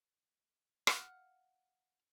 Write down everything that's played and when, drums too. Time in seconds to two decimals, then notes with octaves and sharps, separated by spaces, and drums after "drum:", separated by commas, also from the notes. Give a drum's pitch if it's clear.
0.87 F5 F#5, drum: rim click